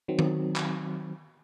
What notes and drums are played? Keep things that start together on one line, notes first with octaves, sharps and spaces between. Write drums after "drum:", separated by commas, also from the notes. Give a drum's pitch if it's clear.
D#3 F#3 C4
drum: tom D#3
drum: clap